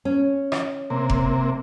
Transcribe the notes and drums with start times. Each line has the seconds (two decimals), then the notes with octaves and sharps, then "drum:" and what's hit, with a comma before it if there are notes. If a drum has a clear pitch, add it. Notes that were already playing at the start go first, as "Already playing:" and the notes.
0.05 C#4
0.52 drum: rim click
0.90 C3 A#3
1.10 drum: kick F1